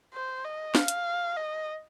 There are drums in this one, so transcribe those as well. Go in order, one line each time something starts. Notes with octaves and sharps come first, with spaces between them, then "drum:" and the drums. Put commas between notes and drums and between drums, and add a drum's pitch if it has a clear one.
C5
D#5
F5, drum: snare
drum: hi-hat
D#5